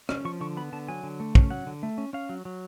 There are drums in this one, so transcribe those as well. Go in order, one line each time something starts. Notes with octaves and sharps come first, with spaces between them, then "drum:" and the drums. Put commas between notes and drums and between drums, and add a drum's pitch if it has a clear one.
C#4, drum: rim click
F3 C#6
D3 C#6
B3 B5
D3 A5
F#3 G#5
D3
A3
C#4, drum: kick
F#3 F#5
D3
A3
C#4
C#4 F5
F#3
F#3